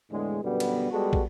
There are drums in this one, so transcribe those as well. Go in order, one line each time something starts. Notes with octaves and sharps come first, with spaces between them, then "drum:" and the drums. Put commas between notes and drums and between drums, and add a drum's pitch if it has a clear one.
E2 A2 D3 G#3
F#2 B2 D3 G3 B3
drum: cymbal
G3 G#3 B3 F#4 G#4 A4
drum: kick